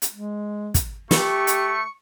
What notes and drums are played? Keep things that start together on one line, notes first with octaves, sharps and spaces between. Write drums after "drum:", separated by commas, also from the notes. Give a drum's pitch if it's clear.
drum: hi-hat
G#3
drum: kick, hi-hat
A3 G4 C#6, drum: snare
drum: hi-hat